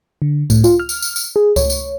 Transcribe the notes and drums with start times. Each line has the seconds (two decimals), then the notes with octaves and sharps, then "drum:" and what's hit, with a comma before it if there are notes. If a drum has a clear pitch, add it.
0.22 D3
0.50 A2, drum: kick C#2, tambourine
0.64 F4, drum: tambourine
0.80 F6
0.89 drum: tambourine
1.02 drum: tambourine
1.16 drum: tambourine
1.36 G#4
1.56 C#5, drum: kick C#2, tambourine
1.70 drum: tambourine